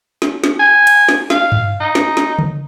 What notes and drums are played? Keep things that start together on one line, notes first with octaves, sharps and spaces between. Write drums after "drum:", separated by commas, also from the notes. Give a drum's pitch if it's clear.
drum: snare
drum: snare
G#5
drum: cymbal
drum: snare
F5, drum: snare
drum: tom G2
D#4
drum: snare
drum: snare
drum: tom